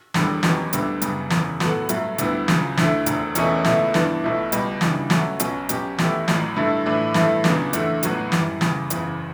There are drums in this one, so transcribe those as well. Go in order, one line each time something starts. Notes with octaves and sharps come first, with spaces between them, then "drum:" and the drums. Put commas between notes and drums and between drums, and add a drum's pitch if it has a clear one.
E1 E2 D3 G3, drum: snare
E2 B2 F#3 C#4 G4, drum: snare
D2 D3 G3 B3, drum: hi-hat
F#2 C#3 G3 B3, drum: hi-hat
E1 E2 C#3, drum: snare
A2 F#3 B3 F#4 A4, drum: snare
G2 F#3 A3, drum: hi-hat
D2 D3 G3 B3 E4, drum: hi-hat
C#2 C#3 F#3, drum: snare
D2 D3 A3 E4, drum: snare
E1 D2 D3, drum: hi-hat
E1 E2 B2 A3 C#4, drum: hi-hat
C#2 B2 A3 E4, drum: snare
G2 E3 B3 D4, drum: snare
B1 B2 A3 E4
C#2 B2 G3, drum: hi-hat
C#2 C#3 E3 G3 D4, drum: snare
G2 F#3 A3 C#4 F#4, drum: snare
B1 B2 F#3 C#4, drum: hi-hat
B2 F#3 C#4 G4, drum: hi-hat
E2 B2 A3 E4 G4, drum: snare
A1 A2 F#3, drum: snare
G2 D3 A3 E4
A2 E3 A3 D4
G2 E3 A3, drum: snare
C#2 C#3 F#3 B3 D4, drum: snare
E2 D3 A3, drum: hi-hat
A1 A2 F#3 B3 F#4, drum: hi-hat
F#2 E3 G3, drum: snare
E2 C#3 G3, drum: snare
F#1 E2 C#3, drum: hi-hat